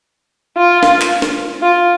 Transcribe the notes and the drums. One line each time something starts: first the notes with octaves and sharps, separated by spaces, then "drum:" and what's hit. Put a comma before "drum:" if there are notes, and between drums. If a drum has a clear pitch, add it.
F4
drum: snare
drum: clap
drum: snare
F4